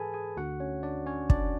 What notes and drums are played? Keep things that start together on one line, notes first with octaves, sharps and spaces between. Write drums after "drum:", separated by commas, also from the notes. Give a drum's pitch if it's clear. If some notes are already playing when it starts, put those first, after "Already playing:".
Already playing: G#2 E3 G#4 A4 B4 G#5 A5 B5
G#4 G#5
D2 D3 F#4 F#5
C#4 C#5
D4 D5
C#4 C#5
D4 D5, drum: kick